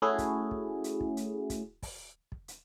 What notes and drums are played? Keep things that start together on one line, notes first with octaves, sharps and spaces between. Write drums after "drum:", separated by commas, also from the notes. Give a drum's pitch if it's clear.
A3 C#4 E4 F#4 G#4
drum: kick, hi-hat
drum: kick
drum: hi-hat
drum: kick
drum: hi-hat
drum: kick, hi-hat
drum: kick, open hi-hat
drum: kick
drum: hi-hat